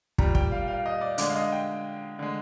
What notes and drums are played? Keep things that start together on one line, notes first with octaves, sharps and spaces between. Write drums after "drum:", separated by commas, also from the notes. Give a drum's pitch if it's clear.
A#2 G3 A#5, drum: kick
G5, drum: kick
F5
F5
D#5
D5
D3 G#3 D5, drum: hi-hat
F5
D#5
G5
D3 G#3